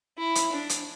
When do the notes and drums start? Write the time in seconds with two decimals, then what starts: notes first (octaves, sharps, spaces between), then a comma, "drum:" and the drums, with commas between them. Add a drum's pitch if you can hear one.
0.18 E4
0.35 drum: hi-hat
0.52 D4
0.69 drum: hi-hat